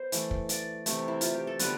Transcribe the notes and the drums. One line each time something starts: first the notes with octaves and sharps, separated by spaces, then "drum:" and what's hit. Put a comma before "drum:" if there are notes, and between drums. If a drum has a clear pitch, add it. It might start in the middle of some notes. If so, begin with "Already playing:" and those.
Already playing: B3 C5
E3 A3, drum: hi-hat
drum: kick
D5, drum: hi-hat
C3 E3 A3, drum: hi-hat
E4
F4, drum: hi-hat
G4
A4
D3 G3 B3 B4, drum: hi-hat